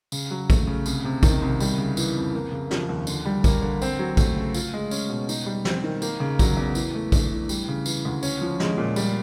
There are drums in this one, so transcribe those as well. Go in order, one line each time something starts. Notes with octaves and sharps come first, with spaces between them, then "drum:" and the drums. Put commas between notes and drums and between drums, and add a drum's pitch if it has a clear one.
C#3, drum: tambourine
F#3
A3, drum: kick A#1, tambourine
C#3
C2, drum: tambourine
C3
D#3, drum: kick A#1, tambourine
C2
G3, drum: tambourine
C#3
E3, drum: tambourine
F2
A#3
C#3
F3, drum: snare
D#2
D3, drum: tambourine
G3
A#3, drum: kick A#1, tambourine
D3
C4, drum: tambourine
F#3
A3, drum: kick A#1, tambourine
C#3
F4, drum: tambourine
G#3
C#4, drum: tambourine
B2
D#4, drum: tambourine
G3
C4, drum: snare
D#3
A#3, drum: tambourine
C#3
F#3, drum: kick A#1, tambourine
E2
E3, drum: tambourine
A3
D4, drum: kick A#1, tambourine
E3
G3, drum: tambourine
C#3
E3, drum: tambourine
D2
C#4, drum: tambourine
F3
G#3, drum: snare
A#2
G3, drum: tambourine